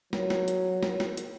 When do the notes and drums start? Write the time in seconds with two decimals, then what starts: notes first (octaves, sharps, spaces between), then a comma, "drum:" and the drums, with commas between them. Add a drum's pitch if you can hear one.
0.13 F#3, drum: snare
0.30 drum: snare
0.48 drum: hi-hat
0.83 drum: snare
1.00 drum: snare
1.17 drum: hi-hat